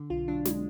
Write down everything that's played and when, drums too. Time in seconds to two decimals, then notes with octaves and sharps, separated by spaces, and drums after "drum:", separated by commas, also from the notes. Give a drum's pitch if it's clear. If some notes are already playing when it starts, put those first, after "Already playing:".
Already playing: D3
0.10 B1 F4
0.28 F#3 D4
0.45 G#3, drum: snare